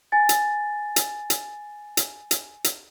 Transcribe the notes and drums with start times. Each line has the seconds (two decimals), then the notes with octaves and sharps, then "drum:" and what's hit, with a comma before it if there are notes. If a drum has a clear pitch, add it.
0.12 G#5 A6
0.29 drum: hi-hat
0.96 drum: hi-hat
1.30 drum: hi-hat
1.97 drum: hi-hat
2.31 drum: hi-hat
2.64 drum: hi-hat